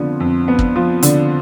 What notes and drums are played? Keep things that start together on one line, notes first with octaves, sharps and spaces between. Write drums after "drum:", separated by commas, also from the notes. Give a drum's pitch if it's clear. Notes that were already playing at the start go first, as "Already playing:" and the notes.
Already playing: F2 D3 F3 B3
F2
B3
drum: kick
F3
D3, drum: hi-hat